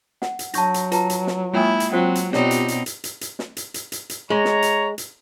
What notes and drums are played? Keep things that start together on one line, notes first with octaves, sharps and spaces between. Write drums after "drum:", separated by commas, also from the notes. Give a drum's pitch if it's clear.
F#5, drum: snare
drum: hi-hat
F#3 D4 A5 C#6 G6 A#6, drum: hi-hat
drum: hi-hat
F4 B4 A5 A#5, drum: hi-hat
drum: hi-hat
drum: snare
G#3 A#3 E4 F4 G5 G#5
drum: hi-hat
F#3 C4 F4 C5 G5
drum: hi-hat
B2 C4 D#4 F4 G4 C#5 D5, drum: snare
drum: hi-hat
drum: hi-hat
drum: hi-hat
drum: hi-hat
drum: hi-hat
drum: snare
drum: hi-hat
drum: hi-hat
drum: hi-hat
drum: hi-hat
G#3 C#5 A#5
drum: snare
drum: hi-hat
drum: hi-hat